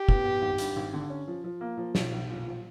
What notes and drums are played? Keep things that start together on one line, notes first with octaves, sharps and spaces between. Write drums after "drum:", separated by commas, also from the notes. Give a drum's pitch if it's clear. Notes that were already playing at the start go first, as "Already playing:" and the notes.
Already playing: G4
B3, drum: kick
B3
G#1
G2, drum: hi-hat
G#1
D3
C#4
F3
F3
A#3
F3
B1, drum: snare
B1
A#2
F3